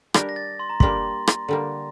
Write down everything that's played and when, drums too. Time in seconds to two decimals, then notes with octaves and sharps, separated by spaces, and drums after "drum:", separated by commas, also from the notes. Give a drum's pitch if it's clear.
0.14 G3 D4 G4 A#4, drum: rim click
0.29 A#6
0.36 A6
0.59 C6
0.70 A#5
0.80 G3 A#3 D4 G4 C6, drum: kick
1.27 drum: rim click
1.48 D3 G3 A#3